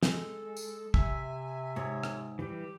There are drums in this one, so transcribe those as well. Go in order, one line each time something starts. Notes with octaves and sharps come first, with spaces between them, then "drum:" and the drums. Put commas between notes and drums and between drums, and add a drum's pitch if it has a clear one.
G#3 A4, drum: snare
drum: tambourine
C3 E5 G#5, drum: kick
G#2 C#5
drum: rim click
E3 G3 G4